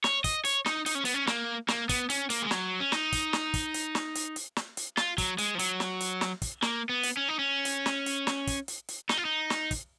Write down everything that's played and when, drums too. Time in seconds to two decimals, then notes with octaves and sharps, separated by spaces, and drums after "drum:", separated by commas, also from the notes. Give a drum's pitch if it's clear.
0.04 C#5, drum: snare
0.24 D#5, drum: kick, hi-hat
0.45 C#5, drum: hi-hat
0.66 D#4, drum: snare
0.86 D#4, drum: hi-hat
0.95 C#4
1.05 B3, drum: hi-hat
1.14 C#4
1.27 A#3, drum: snare
1.68 A#3, drum: snare
1.89 B3, drum: kick, hi-hat
2.10 C#4, drum: hi-hat
2.30 A#3, drum: hi-hat
2.42 G#3
2.51 F#3, drum: snare
2.80 C#4
2.92 D#4, drum: snare
3.12 drum: kick, hi-hat
3.33 drum: snare
3.54 drum: kick, hi-hat
3.74 drum: hi-hat
3.95 drum: snare
4.15 drum: hi-hat
4.36 drum: hi-hat
4.56 drum: snare
4.77 drum: hi-hat
4.97 F4, drum: snare
5.18 F#3, drum: kick, hi-hat
5.38 G#3, drum: hi-hat
5.55 F3
5.59 F#3, drum: hi-hat
5.80 drum: snare
6.00 drum: hi-hat
6.21 drum: snare
6.42 drum: kick, hi-hat
6.62 A#3, drum: snare
6.89 B3
7.03 drum: hi-hat
7.17 C#4
7.28 D#4
7.39 C#4
7.65 drum: hi-hat
7.86 drum: snare
8.06 drum: hi-hat
8.27 drum: snare
8.47 drum: kick, hi-hat
8.68 drum: hi-hat
8.88 drum: hi-hat
9.09 D#4, drum: snare
9.17 F4
9.25 D#4
9.50 drum: snare
9.71 drum: kick, hi-hat